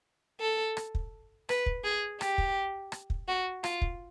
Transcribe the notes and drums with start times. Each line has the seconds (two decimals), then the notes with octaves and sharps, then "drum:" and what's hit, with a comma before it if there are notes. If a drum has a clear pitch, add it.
0.40 A4
0.77 drum: rim click
0.95 drum: kick
1.49 B4, drum: rim click
1.66 drum: kick
1.84 G#4
2.21 G4, drum: rim click
2.38 drum: kick
2.92 drum: rim click
3.10 drum: kick
3.28 F#4
3.64 F4, drum: rim click
3.82 drum: kick